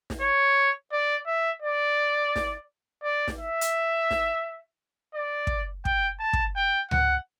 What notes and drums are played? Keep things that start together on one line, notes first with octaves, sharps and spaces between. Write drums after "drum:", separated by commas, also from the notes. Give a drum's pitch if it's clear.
drum: snare
C#5
D5
E5
D5
drum: snare
D5
drum: snare
E5
drum: hi-hat
drum: snare
D5
drum: kick
G5, drum: kick
A5
drum: kick
G5
F#5, drum: tom C#2